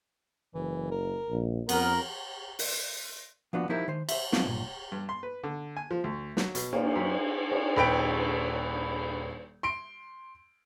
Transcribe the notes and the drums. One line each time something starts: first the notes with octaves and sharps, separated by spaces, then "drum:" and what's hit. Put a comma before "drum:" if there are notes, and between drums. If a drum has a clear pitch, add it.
F#1 E3
A#4
A#1
F2 B3 A#4, drum: cymbal
drum: open hi-hat
F3 B3 D4 F#4
F3 D#4 E4 G4 A#4 C5
D#3 C5
C5 E5, drum: cymbal
F#3 B3 C4 D4 F4, drum: snare
B1 G2 A#2
G2
C6
B4
D3
G#5
F3
D2
F#3, drum: snare
B2, drum: hi-hat
A#3, drum: cymbal
F#2
drum: cymbal
D#1 B4 G5 D7
C6 D7